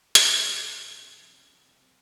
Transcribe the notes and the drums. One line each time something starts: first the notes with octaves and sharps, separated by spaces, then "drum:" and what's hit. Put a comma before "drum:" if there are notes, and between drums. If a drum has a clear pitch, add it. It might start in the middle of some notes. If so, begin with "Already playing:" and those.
A#1, drum: hi-hat
A2 A3 C#4 F#4
A#1
A#2 F3 A3 D#4
A#2
F3 C4 F4
F2
C3 F3
C#2
C3 F3
C2
C3 F#3 C4